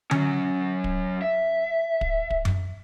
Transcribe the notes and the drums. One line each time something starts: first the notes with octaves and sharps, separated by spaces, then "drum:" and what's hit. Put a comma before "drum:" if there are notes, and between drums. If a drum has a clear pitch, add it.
F#3 C#4, drum: tom D3
drum: kick
E5
drum: kick
drum: kick
drum: tom F#2